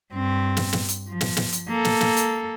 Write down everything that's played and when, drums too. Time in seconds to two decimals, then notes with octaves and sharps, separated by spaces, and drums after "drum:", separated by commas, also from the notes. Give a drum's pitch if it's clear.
0.13 G2 C4
0.57 drum: snare
0.73 drum: snare
0.89 drum: hi-hat
1.09 F3
1.21 drum: snare
1.37 drum: snare
1.53 drum: hi-hat
1.69 A#3 A4
1.85 drum: snare
2.01 drum: snare
2.17 drum: hi-hat